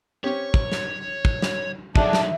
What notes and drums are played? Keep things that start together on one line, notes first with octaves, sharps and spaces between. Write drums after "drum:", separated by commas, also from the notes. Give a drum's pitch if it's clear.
C4 C#4 G4 C#5
drum: kick
drum: snare
drum: kick
drum: snare
D3 F#3 D4 D#4 F#4 G#4 E5, drum: kick
drum: snare